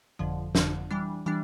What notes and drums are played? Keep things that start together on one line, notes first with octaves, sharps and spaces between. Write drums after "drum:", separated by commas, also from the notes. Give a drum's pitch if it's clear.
G1 F2 D3 F3
G1 F2 D3 F3, drum: snare
E3 G3 D4
E3 G3 D4